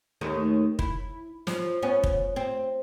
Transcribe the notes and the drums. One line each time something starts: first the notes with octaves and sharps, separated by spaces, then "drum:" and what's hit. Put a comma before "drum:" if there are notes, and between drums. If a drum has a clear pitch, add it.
D#2 D#3 A3
E4, drum: kick
F3, drum: snare
B3 C#4
drum: kick
C4